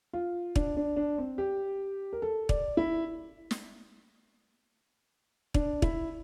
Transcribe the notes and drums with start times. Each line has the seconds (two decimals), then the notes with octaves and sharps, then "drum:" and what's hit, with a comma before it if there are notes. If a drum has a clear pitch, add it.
0.13 F4
0.56 D4, drum: kick
0.77 D4
0.96 D4
1.18 C4
1.38 G4
2.13 A#4
2.22 A4
2.49 D5, drum: kick
2.77 E4
3.51 drum: snare
5.54 D4, drum: kick
5.82 E4, drum: kick